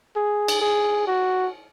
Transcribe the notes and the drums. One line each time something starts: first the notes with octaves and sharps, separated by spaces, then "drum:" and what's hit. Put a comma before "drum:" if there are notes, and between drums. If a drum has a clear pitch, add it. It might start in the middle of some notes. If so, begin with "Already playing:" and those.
G#4
drum: cymbal
G#4
F#4